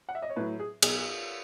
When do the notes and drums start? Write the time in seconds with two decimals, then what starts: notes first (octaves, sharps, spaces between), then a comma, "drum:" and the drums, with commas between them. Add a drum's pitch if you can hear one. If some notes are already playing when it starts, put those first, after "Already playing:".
0.09 F#5
0.15 E5
0.22 D#5
0.30 C#5
0.36 A2 F#3 B4
0.59 G#4
0.82 B1 G#4, drum: cymbal